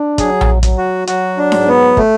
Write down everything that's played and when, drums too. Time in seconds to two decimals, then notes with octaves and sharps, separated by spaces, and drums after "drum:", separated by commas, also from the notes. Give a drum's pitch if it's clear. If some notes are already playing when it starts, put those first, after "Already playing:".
Already playing: D4
0.18 F#3 G#4, drum: kick, hi-hat
0.41 drum: tom A#1
0.63 F#3, drum: kick, hi-hat
0.78 F#4
1.07 F#3 F#4, drum: hi-hat
1.38 D4
1.52 G#2, drum: snare D4
1.68 B3
1.97 A3, drum: kick